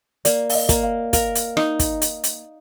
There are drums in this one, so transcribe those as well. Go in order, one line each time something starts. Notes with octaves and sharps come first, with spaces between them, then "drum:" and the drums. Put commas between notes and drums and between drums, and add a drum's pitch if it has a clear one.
A#3 D5, drum: hi-hat
F5, drum: open hi-hat
D#5
A#3, drum: kick, hi-hat
F5
A#4 F5, drum: kick, hi-hat
drum: hi-hat
D#4, drum: rim click
drum: kick, hi-hat
drum: hi-hat
drum: hi-hat